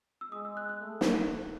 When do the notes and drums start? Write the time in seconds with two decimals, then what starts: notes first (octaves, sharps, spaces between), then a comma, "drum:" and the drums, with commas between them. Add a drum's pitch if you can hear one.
0.21 E6
0.32 G#3 D#6
0.45 E6
0.57 F#6
0.69 F#6
0.81 A3
1.01 drum: snare